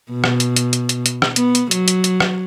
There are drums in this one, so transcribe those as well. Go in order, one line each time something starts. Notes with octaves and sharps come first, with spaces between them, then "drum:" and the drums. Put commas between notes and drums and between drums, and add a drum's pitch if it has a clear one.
B2
drum: rim click
drum: hi-hat
drum: hi-hat
drum: hi-hat
drum: hi-hat
drum: hi-hat
drum: rim click
B3, drum: hi-hat
drum: hi-hat
F#3, drum: hi-hat
drum: hi-hat
drum: hi-hat
drum: rim click